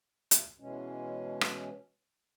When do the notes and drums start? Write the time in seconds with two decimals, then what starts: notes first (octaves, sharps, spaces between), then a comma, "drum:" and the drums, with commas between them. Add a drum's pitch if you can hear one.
0.31 drum: hi-hat
0.60 B2 E3 G#3 C#4
1.41 drum: rim click